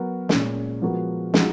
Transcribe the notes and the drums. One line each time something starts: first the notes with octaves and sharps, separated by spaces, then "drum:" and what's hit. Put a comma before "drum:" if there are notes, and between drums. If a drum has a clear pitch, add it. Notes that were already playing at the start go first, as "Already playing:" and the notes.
Already playing: F#3 B3 F#4 A#4
A#2 G#3 C#4, drum: snare
F3 G#3 B3 F#4 A#4
F3 G#3 D#4 F#4, drum: snare